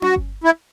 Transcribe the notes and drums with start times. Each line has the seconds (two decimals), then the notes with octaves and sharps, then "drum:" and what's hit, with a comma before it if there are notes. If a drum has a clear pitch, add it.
0.02 F#4, drum: tom C#4
0.16 drum: kick G1
0.44 E4